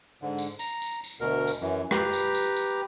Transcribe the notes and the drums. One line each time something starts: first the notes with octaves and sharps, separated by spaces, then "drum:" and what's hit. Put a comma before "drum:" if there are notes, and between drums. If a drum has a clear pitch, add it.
G#2 D3
drum: tambourine
A#5, drum: tambourine
drum: tambourine
drum: tambourine
D2 B2 A#4
drum: tambourine
F#2 E3
G4 B4 A#5, drum: rim click
drum: tambourine
drum: tambourine
drum: tambourine